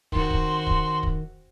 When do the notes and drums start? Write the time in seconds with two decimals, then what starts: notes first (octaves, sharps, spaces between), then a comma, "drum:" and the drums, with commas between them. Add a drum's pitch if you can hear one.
0.12 D#3 C4 F#4 C6, drum: kick
0.30 drum: kick
0.67 drum: kick
1.03 drum: kick